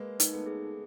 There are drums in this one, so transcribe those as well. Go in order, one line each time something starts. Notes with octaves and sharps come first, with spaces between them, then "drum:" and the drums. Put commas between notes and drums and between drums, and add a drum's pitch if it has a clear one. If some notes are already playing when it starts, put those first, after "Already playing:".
Already playing: G#3 A#3 B4
D#4, drum: hi-hat
A3 B3
G#4